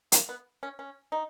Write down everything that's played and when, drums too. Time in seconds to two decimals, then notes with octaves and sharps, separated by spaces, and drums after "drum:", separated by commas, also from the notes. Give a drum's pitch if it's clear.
0.12 A#3, drum: hi-hat
0.29 B3
0.63 C#4
0.79 C#4
1.12 D#4